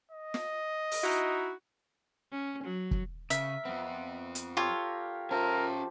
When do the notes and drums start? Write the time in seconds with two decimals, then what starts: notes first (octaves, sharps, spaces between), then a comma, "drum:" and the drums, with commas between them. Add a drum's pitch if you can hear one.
0.11 D#5
0.34 drum: snare
0.91 drum: open hi-hat
1.03 D#4 E4 F#4
2.32 C#4
2.64 F#3
2.91 drum: kick
3.30 C#3 A#4 E5, drum: hi-hat
3.65 F2 B3 C4
4.35 drum: hi-hat
4.57 F4 G4 A4 A#4 C#5
5.31 F3 C#4 A#4 E5